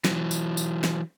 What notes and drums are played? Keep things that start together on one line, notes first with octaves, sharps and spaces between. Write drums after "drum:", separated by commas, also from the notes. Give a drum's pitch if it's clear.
E3 F#3, drum: snare
drum: tambourine
drum: tambourine
drum: snare